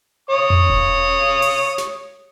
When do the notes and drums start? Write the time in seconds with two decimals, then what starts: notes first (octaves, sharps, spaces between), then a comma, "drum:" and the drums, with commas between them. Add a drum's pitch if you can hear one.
0.30 C#5 D#6
0.50 drum: tom F2
0.70 drum: kick E1
1.42 drum: open hi-hat
1.78 drum: snare